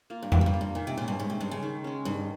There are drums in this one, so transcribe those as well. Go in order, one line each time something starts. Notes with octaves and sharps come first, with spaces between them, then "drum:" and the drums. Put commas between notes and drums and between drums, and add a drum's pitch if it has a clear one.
A#3 F4
G2
G#2 G3, drum: tom F2
F2
G2
A#3 F4
G2
A#2 D#3
C3
A#2 G#3 C#4
G2
G#2 D#3
C3
G2 G#3 C#4
C#3
D#3
G#3 C#4
G2 D#3